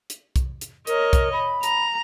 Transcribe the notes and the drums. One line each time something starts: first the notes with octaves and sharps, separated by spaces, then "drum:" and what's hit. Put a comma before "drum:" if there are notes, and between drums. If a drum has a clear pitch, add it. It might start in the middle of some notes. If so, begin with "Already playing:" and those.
drum: hi-hat
drum: kick, hi-hat
drum: hi-hat
A#4 C#5 D#5, drum: hi-hat
drum: kick, hi-hat
B5
A#5, drum: hi-hat